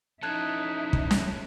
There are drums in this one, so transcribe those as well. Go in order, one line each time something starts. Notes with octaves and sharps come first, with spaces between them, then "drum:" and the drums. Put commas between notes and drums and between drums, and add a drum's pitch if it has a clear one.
F3 C#4 D#4 E4 A4 A5 F#6 G#6
drum: kick
drum: snare